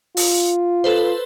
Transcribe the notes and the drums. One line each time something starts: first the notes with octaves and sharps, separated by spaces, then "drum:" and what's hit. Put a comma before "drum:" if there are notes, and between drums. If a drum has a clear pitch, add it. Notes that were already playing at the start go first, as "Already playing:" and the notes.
F4, drum: open hi-hat
A4 B4 C5